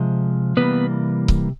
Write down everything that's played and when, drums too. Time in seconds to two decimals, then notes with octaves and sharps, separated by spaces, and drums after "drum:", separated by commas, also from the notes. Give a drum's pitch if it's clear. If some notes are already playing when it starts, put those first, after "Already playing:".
Already playing: C3 F3 G#3
0.57 C3 E3 G3 A#3 B3 B4
1.28 drum: kick C#1